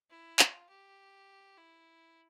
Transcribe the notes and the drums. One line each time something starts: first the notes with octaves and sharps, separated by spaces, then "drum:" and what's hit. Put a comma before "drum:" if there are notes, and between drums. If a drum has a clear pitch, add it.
E4
F4, drum: clap
G4
E4